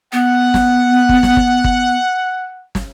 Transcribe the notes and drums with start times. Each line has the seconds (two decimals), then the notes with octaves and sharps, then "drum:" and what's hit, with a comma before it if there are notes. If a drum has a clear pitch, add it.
0.13 B3 F#5
0.54 drum: snare
1.09 drum: kick G1
1.23 drum: snare
1.37 drum: kick G1
1.64 drum: kick G1
2.75 drum: snare